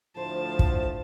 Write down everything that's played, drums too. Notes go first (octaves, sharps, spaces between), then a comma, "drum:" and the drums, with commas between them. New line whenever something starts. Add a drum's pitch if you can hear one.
D2 A2 F3 C5 A5
drum: kick